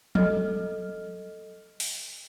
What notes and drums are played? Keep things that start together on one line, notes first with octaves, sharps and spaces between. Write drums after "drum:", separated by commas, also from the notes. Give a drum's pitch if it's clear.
A4 D#5 F6, drum: tom F3
drum: open hi-hat